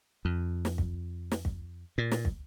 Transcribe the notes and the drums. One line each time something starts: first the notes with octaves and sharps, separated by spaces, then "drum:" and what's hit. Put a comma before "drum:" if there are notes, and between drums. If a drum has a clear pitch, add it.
F2
drum: snare
drum: kick
drum: snare
drum: kick
A#2
drum: snare
drum: kick